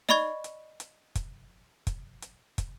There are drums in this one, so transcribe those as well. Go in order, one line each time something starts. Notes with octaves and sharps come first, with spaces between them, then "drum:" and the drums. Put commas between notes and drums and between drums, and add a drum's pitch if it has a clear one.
D5 D#5 B5 C#6 G#6, drum: snare D#4
drum: hi-hat
drum: hi-hat
drum: kick, hi-hat
drum: kick, hi-hat
drum: hi-hat
drum: kick, hi-hat